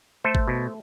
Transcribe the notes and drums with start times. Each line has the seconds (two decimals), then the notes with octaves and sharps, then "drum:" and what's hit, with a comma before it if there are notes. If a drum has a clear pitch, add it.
0.24 A3 A4 C5
0.35 drum: kick
0.47 B2